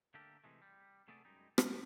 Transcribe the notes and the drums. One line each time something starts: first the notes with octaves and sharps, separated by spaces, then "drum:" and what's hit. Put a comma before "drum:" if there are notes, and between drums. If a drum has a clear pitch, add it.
D3 A3 A#3 G4 A4 A#4
C3 E3 G#3 A3
G3
C3 A3 B3 G#4 A4 D5
F#2 G3 G#3 D#4
E2 A#3 D#4 A4 B4, drum: rim click